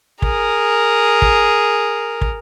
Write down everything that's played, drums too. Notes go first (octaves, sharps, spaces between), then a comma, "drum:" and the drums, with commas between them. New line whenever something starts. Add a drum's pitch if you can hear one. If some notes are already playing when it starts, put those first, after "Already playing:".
G#4 A#4, drum: kick
drum: kick
drum: kick